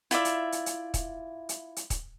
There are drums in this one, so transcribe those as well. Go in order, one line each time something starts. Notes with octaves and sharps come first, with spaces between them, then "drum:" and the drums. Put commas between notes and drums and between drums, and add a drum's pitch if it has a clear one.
E4 F4 D5 E5, drum: hi-hat
drum: hi-hat
drum: hi-hat
drum: hi-hat
drum: kick, hi-hat
drum: hi-hat
drum: hi-hat
drum: kick, hi-hat